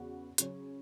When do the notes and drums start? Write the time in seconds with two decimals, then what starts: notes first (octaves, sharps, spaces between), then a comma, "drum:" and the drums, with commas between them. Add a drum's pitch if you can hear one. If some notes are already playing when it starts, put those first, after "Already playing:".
Already playing: E2 C#3 B3 F#4
0.38 C#3 F#3 C#4, drum: hi-hat